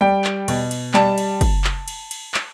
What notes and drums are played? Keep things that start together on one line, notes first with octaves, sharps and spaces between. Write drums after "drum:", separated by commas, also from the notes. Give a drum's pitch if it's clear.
G3 G5
drum: clap
B2, drum: cymbal
drum: cymbal
G3 A5, drum: clap
drum: cymbal
drum: kick, cymbal
drum: clap
drum: cymbal
drum: cymbal
drum: clap